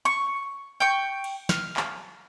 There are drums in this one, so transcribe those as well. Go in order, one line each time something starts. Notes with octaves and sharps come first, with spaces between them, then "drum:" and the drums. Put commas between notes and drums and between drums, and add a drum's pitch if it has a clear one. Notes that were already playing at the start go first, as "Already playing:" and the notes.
C#6
G5 C#6
drum: cymbal
F6, drum: snare
drum: clap